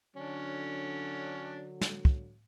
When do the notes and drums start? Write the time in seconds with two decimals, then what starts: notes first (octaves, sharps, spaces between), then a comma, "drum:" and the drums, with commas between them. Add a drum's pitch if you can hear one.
0.16 D3 F#3 C#4 D4
1.81 drum: snare
2.05 drum: kick